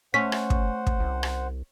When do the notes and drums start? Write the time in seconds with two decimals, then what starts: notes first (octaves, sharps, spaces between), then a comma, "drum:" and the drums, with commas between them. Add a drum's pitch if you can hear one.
0.14 A3 C#4 C5 F#5 B6
0.32 drum: rim click
0.50 drum: kick
0.87 drum: kick
1.00 C2
1.23 drum: rim click